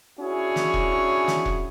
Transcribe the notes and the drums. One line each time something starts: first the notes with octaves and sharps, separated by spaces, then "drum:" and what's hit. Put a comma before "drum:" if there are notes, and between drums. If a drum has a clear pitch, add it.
C#4 D4 E4 F#4 G#4 C#5
drum: snare
drum: kick E1
drum: snare
drum: kick E1